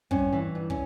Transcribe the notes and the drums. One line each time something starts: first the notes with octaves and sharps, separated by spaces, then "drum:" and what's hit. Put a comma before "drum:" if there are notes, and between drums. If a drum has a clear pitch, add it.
G2 C#4, drum: kick
E3
G2
C#4, drum: kick